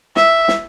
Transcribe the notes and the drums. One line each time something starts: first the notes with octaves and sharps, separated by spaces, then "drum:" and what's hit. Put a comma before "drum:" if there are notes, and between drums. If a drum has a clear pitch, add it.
E5, drum: snare
drum: snare